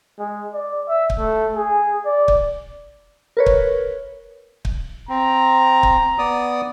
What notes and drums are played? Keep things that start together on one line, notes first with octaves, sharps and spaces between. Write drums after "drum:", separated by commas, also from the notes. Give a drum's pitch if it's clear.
G#3
D5
E5
drum: kick
A3
G#4
D5
drum: kick
A#4 B4 C#5
drum: kick
drum: kick
C4 A#5
drum: kick
B3 D5 D#6